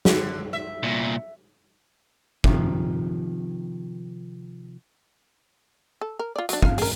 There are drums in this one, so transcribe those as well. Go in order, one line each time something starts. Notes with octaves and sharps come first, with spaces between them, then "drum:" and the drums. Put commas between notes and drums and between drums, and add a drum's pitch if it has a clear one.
D3, drum: snare
E5
C2 A#2
C3 D#3 F3, drum: kick
A4
A#4
F4 D5
F#3 D4, drum: hi-hat
F4 F5, drum: kick
G#4 A#4, drum: open hi-hat